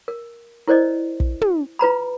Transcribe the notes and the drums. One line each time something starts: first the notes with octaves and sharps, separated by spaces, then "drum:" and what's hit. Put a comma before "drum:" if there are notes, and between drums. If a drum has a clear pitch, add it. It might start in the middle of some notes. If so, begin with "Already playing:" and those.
A#4
E4 A#4 C5 D5 D#5
drum: kick
drum: tom
F4 B4 A#5 B5